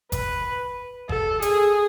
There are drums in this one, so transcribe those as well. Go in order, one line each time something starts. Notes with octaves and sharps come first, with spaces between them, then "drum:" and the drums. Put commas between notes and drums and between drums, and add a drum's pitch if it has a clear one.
B4, drum: kick G1, hi-hat
A4, drum: kick G1
G#4, drum: hi-hat